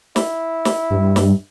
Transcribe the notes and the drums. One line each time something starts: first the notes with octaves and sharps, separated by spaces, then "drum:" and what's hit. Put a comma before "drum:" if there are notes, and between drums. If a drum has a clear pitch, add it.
E4, drum: snare
drum: snare
G2
drum: snare